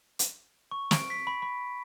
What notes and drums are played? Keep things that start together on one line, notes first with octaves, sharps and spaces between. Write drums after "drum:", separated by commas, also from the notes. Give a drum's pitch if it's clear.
drum: hi-hat
C#6
D7, drum: snare
B6
B5
B5